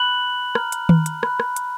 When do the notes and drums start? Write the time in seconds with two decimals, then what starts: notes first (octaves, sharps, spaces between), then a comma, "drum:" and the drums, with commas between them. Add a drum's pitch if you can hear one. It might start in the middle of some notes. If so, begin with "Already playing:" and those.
Already playing: B5 F#6 F#7
0.55 A#5 F6, drum: rim click
0.72 drum: hi-hat
0.89 drum: tom D#3
1.06 drum: hi-hat
1.23 B5 F#6, drum: rim click
1.40 drum: rim click
1.56 drum: hi-hat